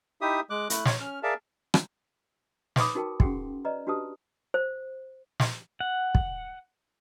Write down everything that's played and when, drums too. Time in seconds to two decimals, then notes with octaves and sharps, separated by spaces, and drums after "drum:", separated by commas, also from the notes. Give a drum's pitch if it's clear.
0.21 D#4 E4 G4 E5 D#6
0.50 G#3 D6 F#6
0.70 A3 E4 F#6, drum: hi-hat
0.85 C#5, drum: snare
1.00 C#4 F6
1.23 G#4 A#4 D5 E5 F5 A5
1.74 drum: rim click
2.76 D#4 B4 C#5 B5 D6 D#6, drum: snare
2.95 D#4 F#4 A#4 G5 A5
3.20 C#4 F#4 G#4 F#5 G5 C6, drum: kick
3.65 B4 D5 D#5 A#5
3.87 D4 F#4 G4 B4 A5 D#6
4.54 C5
5.40 drum: snare
5.80 F#5
6.15 drum: kick